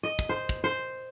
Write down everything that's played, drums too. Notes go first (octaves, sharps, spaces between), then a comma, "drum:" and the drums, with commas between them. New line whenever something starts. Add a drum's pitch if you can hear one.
D#5
drum: kick
C5
drum: kick
C5